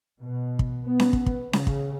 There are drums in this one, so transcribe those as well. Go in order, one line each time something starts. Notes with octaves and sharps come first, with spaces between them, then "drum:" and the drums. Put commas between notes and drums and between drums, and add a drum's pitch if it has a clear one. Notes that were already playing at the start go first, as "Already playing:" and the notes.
B2
drum: kick
B3
drum: snare C#4
drum: kick
drum: kick
C#3, drum: snare C#4
drum: kick